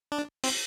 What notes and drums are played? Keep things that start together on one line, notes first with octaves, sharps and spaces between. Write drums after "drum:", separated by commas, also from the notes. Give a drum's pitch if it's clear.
D4
C4, drum: open hi-hat